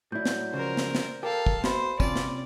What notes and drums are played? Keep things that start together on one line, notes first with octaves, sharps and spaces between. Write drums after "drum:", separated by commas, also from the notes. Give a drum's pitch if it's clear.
A2 F#3 E4 D5 G6
drum: snare
C#2 C#3 F3 A#4 C5
drum: snare
drum: snare
G4 A4 A#4 F5
drum: kick
B2 C5 B5 C6, drum: snare
C3 C#4 F4 D5, drum: kick, tambourine
drum: snare